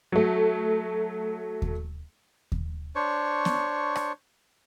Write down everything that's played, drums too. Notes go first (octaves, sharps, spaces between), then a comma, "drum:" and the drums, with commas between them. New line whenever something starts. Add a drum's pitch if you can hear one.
F#3 A3
drum: kick D#2
drum: kick D#2
D4 C5 C#5 C#6
drum: snare B3
drum: rim click